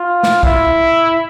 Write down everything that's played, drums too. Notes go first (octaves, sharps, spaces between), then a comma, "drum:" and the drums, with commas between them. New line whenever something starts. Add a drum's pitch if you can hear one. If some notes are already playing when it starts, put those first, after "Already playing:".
Already playing: F4
drum: snare
E4, drum: kick